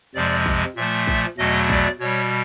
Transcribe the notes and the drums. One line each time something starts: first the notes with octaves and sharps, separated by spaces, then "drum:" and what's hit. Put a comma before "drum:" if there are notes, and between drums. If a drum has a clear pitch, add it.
F2 C3 F3 G#3 D5
drum: kick A#1
A#2 F3 A3 E5
drum: kick A#1
E2 B2 F#3 A3 D#5
D5, drum: kick A#1
B2 G3 C#5